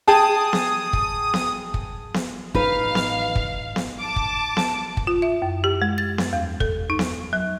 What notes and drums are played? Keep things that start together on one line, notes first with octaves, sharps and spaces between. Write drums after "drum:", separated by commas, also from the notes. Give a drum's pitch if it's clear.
G#4 G5 A5 D#6
drum: snare B3
drum: kick
drum: snare B3
drum: kick
drum: snare B3
A1 D#4 B4 F5, drum: kick
drum: snare B3
drum: kick
drum: snare B3
A5 D6
drum: kick
drum: snare B3
drum: kick
F4
E5
F#2
G4
G#3
A6
drum: snare B3
E2
A4, drum: kick
D#4
drum: snare B3
F#3